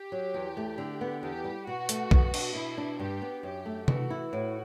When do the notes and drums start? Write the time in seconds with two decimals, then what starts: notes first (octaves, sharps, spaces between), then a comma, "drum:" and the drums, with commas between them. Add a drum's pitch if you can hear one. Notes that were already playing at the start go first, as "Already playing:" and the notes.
Already playing: G4
0.12 F#3
0.34 E2
0.57 A3
0.78 D3
1.01 B3
1.22 E2 G4
1.44 G3
1.67 B2 F#4
1.89 A3, drum: hi-hat
2.11 B2, drum: kick B1
2.34 D4, drum: cymbal
2.55 B2 E4
2.78 D4
2.99 G2 G4
3.22 B3
3.43 F#2 G4
3.66 A3
3.88 E3 F#4, drum: tom C3
4.10 E4
4.32 A2 F#4